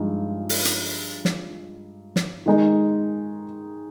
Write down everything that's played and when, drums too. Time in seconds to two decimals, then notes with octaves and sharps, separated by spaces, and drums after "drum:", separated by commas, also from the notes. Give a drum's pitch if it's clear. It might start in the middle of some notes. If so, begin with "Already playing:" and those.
Already playing: G2 F3 G#3 D#4
0.49 drum: open hi-hat
0.65 drum: hi-hat
1.25 drum: snare
2.16 drum: snare
2.46 D#3 G#3 D#4